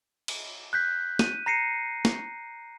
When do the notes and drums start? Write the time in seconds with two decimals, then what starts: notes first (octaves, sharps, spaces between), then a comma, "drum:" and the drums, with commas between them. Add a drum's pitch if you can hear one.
0.28 drum: cymbal
0.73 F#6 G6 B6
1.19 D#7, drum: snare
1.46 A#5 A#6 C7 C#7 D#7
2.05 drum: snare